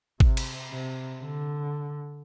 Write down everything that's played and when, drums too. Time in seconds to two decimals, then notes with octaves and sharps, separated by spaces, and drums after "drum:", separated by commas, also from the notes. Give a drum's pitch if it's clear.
0.20 C3, drum: kick G#1
0.37 drum: cymbal
0.71 C3
1.22 D3